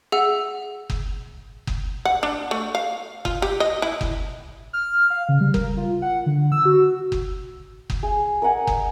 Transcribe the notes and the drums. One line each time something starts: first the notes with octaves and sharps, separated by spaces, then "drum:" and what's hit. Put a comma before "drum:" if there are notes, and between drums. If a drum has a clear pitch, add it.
G#4 E5 F#5 E6
drum: kick F#1
drum: kick F#1
F#5
D4
A3
F5
F4, drum: kick F#1
G4
D#5
E4
drum: kick F#1
F6
F5
C#3
G3
A#4, drum: kick F#1
F4
F#5
D3
E6
F#4
drum: kick F#1
drum: kick F#1
G#4
A#4 D#5 F#5 G#5
drum: kick F#1